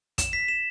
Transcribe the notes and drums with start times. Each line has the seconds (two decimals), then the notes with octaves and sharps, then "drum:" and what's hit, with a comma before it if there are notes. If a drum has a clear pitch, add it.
0.18 E7, drum: kick, hi-hat
0.33 B6
0.48 E7